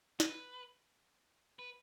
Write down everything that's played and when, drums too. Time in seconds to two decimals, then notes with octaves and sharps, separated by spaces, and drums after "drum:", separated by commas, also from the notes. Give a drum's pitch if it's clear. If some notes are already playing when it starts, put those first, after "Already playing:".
0.20 B4, drum: snare
1.59 B4